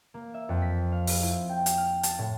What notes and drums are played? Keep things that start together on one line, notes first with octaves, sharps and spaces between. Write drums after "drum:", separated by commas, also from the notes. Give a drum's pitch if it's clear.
A#3
E5
F2
B6
F5
drum: open hi-hat
E4
G5
drum: hi-hat
F6
A5, drum: hi-hat
A2